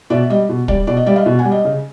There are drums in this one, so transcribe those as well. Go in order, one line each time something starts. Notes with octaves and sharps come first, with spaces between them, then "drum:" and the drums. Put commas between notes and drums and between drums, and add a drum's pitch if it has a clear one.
B2 D5 E5
G3 D#5
B2
G3 D5, drum: kick
B2 D5
D#5
G3 D5 E5
D#5 F5
B2
F#5 G#5
G3
D#5
C#3